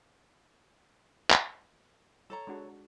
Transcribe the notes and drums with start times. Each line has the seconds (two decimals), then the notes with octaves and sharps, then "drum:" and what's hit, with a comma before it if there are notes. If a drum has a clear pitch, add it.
1.31 drum: clap
2.30 A4 C#5 A#5
2.47 G#3 D4 F#4